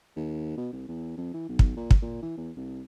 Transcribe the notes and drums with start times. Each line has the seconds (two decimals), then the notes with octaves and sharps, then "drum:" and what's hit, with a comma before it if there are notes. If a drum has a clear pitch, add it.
0.16 D#2
0.57 B2
0.73 C2
0.88 E2
1.18 F2
1.34 E3
1.49 B1
1.59 drum: kick
1.77 A#2
1.91 drum: kick
2.02 A#2
2.23 E3
2.38 E2
2.57 C2